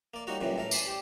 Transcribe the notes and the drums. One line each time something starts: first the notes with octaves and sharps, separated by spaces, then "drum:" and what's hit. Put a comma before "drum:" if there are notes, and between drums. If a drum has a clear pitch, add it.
A#3 D5
G3 A#3 D#4 F#4 C#5
F#2 A#2 C#3 E3 G3
A2 A4 A#4
D5 G#5 A5 B5 C6 D6, drum: tambourine
G4 C5 D5